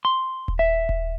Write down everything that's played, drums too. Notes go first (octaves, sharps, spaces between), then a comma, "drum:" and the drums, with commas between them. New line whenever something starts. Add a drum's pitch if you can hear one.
C6
drum: kick D#1
E5
drum: kick D#1